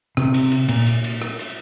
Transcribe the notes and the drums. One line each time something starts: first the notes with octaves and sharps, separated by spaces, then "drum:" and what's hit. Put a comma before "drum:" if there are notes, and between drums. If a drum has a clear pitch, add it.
C3, drum: rim click
drum: cymbal
drum: cymbal
A#2, drum: cymbal
drum: cymbal
drum: cymbal
drum: rim click
drum: cymbal